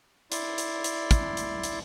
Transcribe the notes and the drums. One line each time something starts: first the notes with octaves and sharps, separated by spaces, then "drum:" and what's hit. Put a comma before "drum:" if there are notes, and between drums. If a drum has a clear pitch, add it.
E4 D5 C6, drum: hi-hat
drum: hi-hat
drum: hi-hat
drum: kick, hi-hat
drum: hi-hat
drum: hi-hat